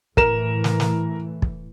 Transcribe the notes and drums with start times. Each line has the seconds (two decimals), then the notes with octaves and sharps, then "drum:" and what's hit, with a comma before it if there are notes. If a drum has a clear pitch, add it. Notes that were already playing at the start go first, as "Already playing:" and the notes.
0.17 A2 E3 A#4 E7, drum: kick
0.64 drum: snare
0.80 drum: snare
1.42 drum: kick